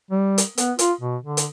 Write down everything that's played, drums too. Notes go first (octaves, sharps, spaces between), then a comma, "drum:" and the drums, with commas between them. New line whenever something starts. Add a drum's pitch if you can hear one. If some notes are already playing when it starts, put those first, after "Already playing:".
G3
drum: hi-hat
B3, drum: hi-hat
F4, drum: hi-hat
B2
D3
drum: hi-hat